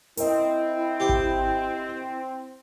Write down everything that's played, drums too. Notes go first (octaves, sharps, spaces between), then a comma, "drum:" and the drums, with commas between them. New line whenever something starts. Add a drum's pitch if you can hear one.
C4 E4 A#4 D#5, drum: hi-hat
G4 C5 G5
drum: kick G#1